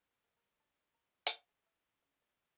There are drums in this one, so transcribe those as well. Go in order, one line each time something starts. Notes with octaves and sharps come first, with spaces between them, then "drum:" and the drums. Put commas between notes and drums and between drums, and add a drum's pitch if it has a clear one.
C4
A#3
A#4
D4
A#5
C#4, drum: hi-hat
G#3
E5
C#4
D5